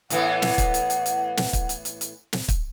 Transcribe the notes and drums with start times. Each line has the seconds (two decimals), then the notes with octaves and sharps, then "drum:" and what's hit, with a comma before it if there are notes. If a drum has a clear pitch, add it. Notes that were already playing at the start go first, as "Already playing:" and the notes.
0.10 A2 E3 B3 F#5, drum: hi-hat
0.42 drum: snare
0.58 drum: kick, hi-hat
0.74 drum: hi-hat
0.90 drum: hi-hat
1.06 drum: hi-hat
1.37 drum: snare
1.53 drum: kick, hi-hat
1.69 drum: hi-hat
1.85 drum: hi-hat
2.01 drum: hi-hat
2.33 drum: snare
2.48 drum: kick, hi-hat